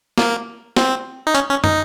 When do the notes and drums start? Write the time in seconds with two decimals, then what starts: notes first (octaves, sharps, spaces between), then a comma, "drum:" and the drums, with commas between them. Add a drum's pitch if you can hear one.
0.18 A#3, drum: snare
0.76 C4, drum: snare
1.27 D#4
1.35 C#4, drum: hi-hat
1.50 C#4
1.64 D#4, drum: tom